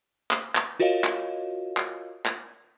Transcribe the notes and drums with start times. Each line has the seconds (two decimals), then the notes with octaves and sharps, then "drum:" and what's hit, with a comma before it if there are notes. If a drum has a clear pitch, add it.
0.31 drum: clap
0.55 drum: clap
0.80 F4 F#4 A#4 C#5 D#5 F5
1.04 drum: clap
1.77 drum: clap
2.26 drum: clap